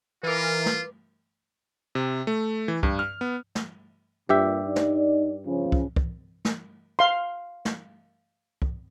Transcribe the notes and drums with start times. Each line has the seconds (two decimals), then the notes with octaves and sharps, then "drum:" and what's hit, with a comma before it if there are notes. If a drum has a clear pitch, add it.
0.23 E3 F4 A#4 B4 D6
0.66 drum: snare
1.95 C3
2.27 A3
2.68 E3
2.83 G2, drum: kick
2.99 F6
3.21 B3
3.55 drum: snare
4.29 G2 A#2 G4 E5
4.67 D#4 D5
4.76 drum: snare
5.46 C#3 F3 C#4
5.72 drum: kick
5.96 drum: kick
6.45 drum: snare
6.99 F5 C6
7.65 drum: snare
8.62 drum: kick